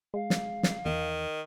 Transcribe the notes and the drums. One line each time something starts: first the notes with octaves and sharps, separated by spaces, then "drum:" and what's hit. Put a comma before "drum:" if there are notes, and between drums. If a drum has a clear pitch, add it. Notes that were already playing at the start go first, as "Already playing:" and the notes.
G#3 F5
drum: snare
drum: snare
E2 D#3